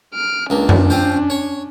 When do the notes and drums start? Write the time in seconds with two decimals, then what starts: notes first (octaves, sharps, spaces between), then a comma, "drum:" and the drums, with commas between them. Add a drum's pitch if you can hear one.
0.14 F6 D7
0.50 C#2 A#3 C#4 D4
0.69 drum: tom F#2
0.90 C4 F4 C5
1.30 C#5